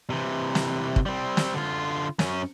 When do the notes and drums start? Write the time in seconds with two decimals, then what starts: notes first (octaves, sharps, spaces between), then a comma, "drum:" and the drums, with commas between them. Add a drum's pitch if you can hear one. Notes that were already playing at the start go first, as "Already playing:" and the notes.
0.10 C3 E3
0.55 drum: snare
0.96 drum: kick
1.06 G3 C4
1.37 drum: snare
1.54 D3 F4
2.19 F#2 C#4, drum: snare